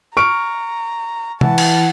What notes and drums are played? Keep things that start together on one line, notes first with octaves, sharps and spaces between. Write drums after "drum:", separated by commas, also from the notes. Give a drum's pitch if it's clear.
A#5 C#6 F6 D7
E3 F#5 A5, drum: tom C3
drum: cymbal